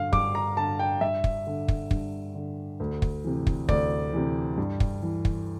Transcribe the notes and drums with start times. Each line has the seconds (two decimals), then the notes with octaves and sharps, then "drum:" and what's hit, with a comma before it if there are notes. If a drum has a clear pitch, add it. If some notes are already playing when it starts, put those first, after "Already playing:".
Already playing: G2 D3 F5
0.13 G2 D6, drum: kick
0.35 A#5
0.57 D3 A5
0.79 G5
1.01 G2 E5
1.24 drum: kick
1.47 D3
1.68 drum: kick
1.91 G2, drum: kick
2.35 D3
2.80 D2
3.02 drum: kick
3.24 C3 E3
3.47 drum: kick
3.69 D2 D5, drum: kick
4.13 C3 E3
4.58 G2
4.80 drum: kick
5.03 E3
5.25 drum: kick